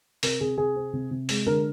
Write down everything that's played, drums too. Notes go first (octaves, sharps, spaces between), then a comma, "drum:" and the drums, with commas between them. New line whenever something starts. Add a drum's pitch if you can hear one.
C3 A#4, drum: open hi-hat
C3 G#4
C3 G#4
C4
C3
C3
G#3, drum: open hi-hat
D3 A#4